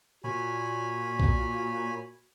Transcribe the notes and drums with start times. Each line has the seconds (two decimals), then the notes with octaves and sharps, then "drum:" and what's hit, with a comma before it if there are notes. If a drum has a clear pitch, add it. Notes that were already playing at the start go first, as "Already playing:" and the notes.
0.24 A#2 F#4 C#5 G#5 B5
1.20 drum: kick B1